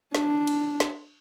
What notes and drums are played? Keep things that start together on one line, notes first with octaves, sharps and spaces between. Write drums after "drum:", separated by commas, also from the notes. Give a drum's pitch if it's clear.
D4, drum: snare
drum: cymbal
drum: snare